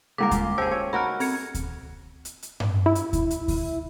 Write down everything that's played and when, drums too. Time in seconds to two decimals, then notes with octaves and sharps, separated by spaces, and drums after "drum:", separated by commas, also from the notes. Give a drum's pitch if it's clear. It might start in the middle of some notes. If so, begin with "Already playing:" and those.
0.18 C#3 G3 G#3 A#3 A#4 D6
0.31 F4, drum: kick D2, hi-hat
0.58 G4 G#4 C5 E6
0.71 C#5
0.93 D#4 F#4 A#4 B5 F6
1.20 C4 G#6 C#7, drum: open hi-hat
1.55 drum: kick D2, hi-hat
2.25 drum: hi-hat
2.43 drum: hi-hat
2.60 drum: tom G2
2.86 E4
2.95 drum: hi-hat
3.13 drum: kick D2, hi-hat
3.31 drum: hi-hat
3.48 drum: kick D2, open hi-hat